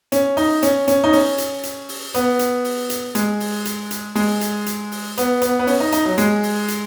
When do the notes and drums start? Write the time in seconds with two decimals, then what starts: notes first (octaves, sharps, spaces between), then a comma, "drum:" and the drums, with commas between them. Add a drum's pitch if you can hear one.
0.12 C#4, drum: hi-hat
0.37 D#4, drum: open hi-hat
0.63 C#4, drum: hi-hat
0.88 C#4, drum: hi-hat
1.04 D#4
1.13 C#4, drum: open hi-hat
1.38 drum: hi-hat
1.63 drum: hi-hat
1.89 drum: open hi-hat
2.14 B3, drum: hi-hat
2.39 drum: hi-hat
2.64 drum: open hi-hat
2.90 drum: hi-hat
3.15 G#3, drum: hi-hat
3.40 drum: open hi-hat
3.65 drum: hi-hat
3.91 drum: hi-hat
4.15 G#3, drum: open hi-hat
4.41 drum: hi-hat
4.66 drum: hi-hat
4.92 drum: open hi-hat
5.17 B3, drum: hi-hat
5.42 B3, drum: hi-hat
5.59 B3
5.67 C#4, drum: open hi-hat
5.80 D#4
5.92 D#4, drum: hi-hat
6.05 F#3
6.18 G#3, drum: hi-hat
6.43 drum: open hi-hat
6.68 drum: hi-hat